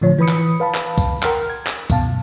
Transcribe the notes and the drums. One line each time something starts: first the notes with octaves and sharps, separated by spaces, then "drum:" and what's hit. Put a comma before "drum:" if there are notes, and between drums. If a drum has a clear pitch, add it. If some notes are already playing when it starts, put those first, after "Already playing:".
A2 D3 F3 C#5
E3 B4 B5 D#6 C#7
drum: clap
B4 F5 A5 B5
drum: clap
drum: kick C2, tambourine
A#4 F#5 G5 A#5 C6 F6, drum: clap
G#6
drum: clap
F#2 B2 F5 A5, drum: kick C2, tambourine